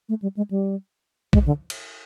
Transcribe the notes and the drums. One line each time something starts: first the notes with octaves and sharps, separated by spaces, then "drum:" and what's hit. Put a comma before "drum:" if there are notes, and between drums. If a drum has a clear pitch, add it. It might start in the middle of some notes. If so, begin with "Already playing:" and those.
A3
G3
G#3
G3
G#3, drum: kick A#1
D3
drum: cymbal